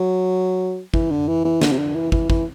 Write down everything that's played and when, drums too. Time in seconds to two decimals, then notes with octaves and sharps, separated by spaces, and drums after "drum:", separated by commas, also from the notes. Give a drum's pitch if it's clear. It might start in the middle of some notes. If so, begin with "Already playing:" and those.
Already playing: F#3
0.94 E3, drum: kick
1.11 D3
1.28 E3
1.45 E3
1.62 D3, drum: snare
1.72 C3
1.79 D3
1.96 E3
2.12 E3, drum: kick
2.30 E3, drum: kick